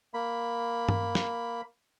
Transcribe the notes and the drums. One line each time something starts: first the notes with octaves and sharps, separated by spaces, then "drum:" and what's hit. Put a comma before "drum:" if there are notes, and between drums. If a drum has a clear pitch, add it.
A#3 B5
drum: tom G2
drum: snare